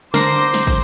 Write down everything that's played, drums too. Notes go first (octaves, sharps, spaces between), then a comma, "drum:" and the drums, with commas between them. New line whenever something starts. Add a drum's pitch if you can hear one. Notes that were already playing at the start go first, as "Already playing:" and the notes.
D3 A#4 C5 D6 A#6 C7, drum: snare
drum: snare
drum: kick